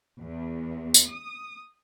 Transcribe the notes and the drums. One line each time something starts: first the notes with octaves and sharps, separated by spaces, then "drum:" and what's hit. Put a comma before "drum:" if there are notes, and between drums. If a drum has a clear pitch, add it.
E2
drum: tambourine
D#6